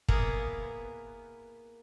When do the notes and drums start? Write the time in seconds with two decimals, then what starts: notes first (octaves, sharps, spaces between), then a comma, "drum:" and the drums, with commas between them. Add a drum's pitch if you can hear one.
0.09 A#3 B3 E4 G#4 A#4 F#5, drum: kick